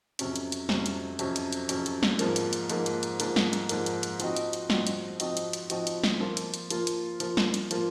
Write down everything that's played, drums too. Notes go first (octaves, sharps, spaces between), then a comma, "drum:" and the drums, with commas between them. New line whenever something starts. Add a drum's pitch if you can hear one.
F2 C3 F#3 C#4, drum: hi-hat
drum: hi-hat
drum: hi-hat
F2 C3 F#3 C#4, drum: snare
drum: hi-hat
F2 C3 F#3 C#4, drum: hi-hat
drum: hi-hat
drum: hi-hat
F2 C3 F#3 C#4, drum: hi-hat
drum: hi-hat
drum: snare
G#2 F3 A#3, drum: hi-hat
drum: hi-hat
drum: hi-hat
G#2 F3 A#3, drum: hi-hat
drum: hi-hat
drum: hi-hat
G#2 F3 A#3, drum: hi-hat
drum: snare
drum: hi-hat
G#2 F3 A#3, drum: hi-hat
drum: hi-hat
drum: hi-hat
F3 C4 D#4 F#4, drum: hi-hat
drum: hi-hat
drum: hi-hat
F3 C4 D#4 F#4, drum: snare
drum: hi-hat
F3 C4 D#4 F#4, drum: hi-hat
drum: hi-hat
drum: hi-hat
F3 C4 D#4 F#4, drum: hi-hat
drum: hi-hat
drum: snare
F3 A#3 F4
drum: hi-hat
drum: hi-hat
F3 A#3 F4, drum: hi-hat
drum: hi-hat
F3 A#3 F4, drum: hi-hat
drum: snare
drum: hi-hat
F3 A#3 F4, drum: hi-hat